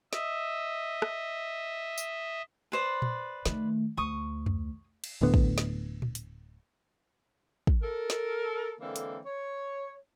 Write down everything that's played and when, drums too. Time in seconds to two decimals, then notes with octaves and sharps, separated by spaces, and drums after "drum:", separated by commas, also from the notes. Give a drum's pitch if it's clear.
0.13 D#5 E5, drum: snare
1.02 drum: rim click
1.98 drum: tambourine
2.72 B4 C5 D5
3.02 drum: tom A#2
3.46 D#3 A3, drum: snare
3.97 D2 C#6 D#6
4.46 drum: tom F2
5.04 drum: cymbal
5.21 D1 A2 D3 B3
5.34 drum: kick
5.58 drum: snare
6.02 drum: tom A#2
6.15 drum: hi-hat
7.67 drum: kick
7.83 A4 A#4
8.10 drum: snare
8.80 D3 E3 G#3 A#3 C4 A4
8.96 drum: hi-hat
9.26 C#5